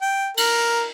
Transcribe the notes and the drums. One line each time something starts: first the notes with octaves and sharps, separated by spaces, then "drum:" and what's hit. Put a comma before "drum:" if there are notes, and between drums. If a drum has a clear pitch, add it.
G5
A#4, drum: cymbal